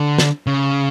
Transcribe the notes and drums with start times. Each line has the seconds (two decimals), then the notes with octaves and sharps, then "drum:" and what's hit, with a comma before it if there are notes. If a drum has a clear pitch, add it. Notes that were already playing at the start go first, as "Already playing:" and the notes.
Already playing: D3
0.18 drum: snare
0.47 C#3